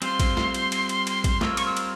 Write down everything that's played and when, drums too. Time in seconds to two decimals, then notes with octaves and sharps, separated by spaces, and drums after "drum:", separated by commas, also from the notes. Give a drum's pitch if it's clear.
0.02 G3 C4 F4 C5 C6, drum: cymbal
0.20 drum: kick A1, cymbal
0.37 drum: snare
0.54 drum: cymbal
0.72 drum: cymbal
0.89 drum: cymbal
1.07 drum: cymbal
1.24 drum: kick A1, cymbal
1.41 G3 C4 F4 A#4 C#5 E6, drum: snare
1.57 C#6, drum: cymbal
1.65 E6
1.77 drum: cymbal